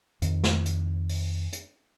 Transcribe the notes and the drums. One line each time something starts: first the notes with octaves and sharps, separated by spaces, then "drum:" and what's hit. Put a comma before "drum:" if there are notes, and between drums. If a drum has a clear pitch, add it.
F2 D#3, drum: hi-hat
drum: snare
drum: hi-hat
drum: open hi-hat
drum: hi-hat